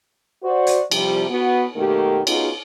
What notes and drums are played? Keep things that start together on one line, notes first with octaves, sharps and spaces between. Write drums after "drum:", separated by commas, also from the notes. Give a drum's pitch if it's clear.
F#4 C5 D5
drum: hi-hat
C3 F3 G3, drum: cymbal
B3 F#4
B2 D#3 A3 A#3 G4
B3 C#4 D#4 F4 F#4 G#4, drum: cymbal